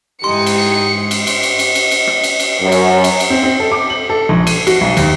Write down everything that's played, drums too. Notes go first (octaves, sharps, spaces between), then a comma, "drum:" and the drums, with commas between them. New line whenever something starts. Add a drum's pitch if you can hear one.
G#2 E3 D#4 G4 C6 C#7
drum: cymbal
drum: cymbal
drum: cymbal
drum: cymbal
drum: cymbal
drum: cymbal
drum: cymbal
drum: rim click
drum: cymbal
drum: cymbal
F#2
drum: cymbal
drum: cymbal
drum: cymbal
C4
C4
A4
D6
F#7
A4
A#1
D#7, drum: cymbal
F#4, drum: cymbal
B1
D#2, drum: cymbal